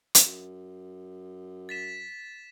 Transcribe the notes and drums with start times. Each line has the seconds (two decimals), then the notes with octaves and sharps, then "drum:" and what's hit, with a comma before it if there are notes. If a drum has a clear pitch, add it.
0.15 drum: hi-hat
0.26 F#2
1.69 A6 B6 E7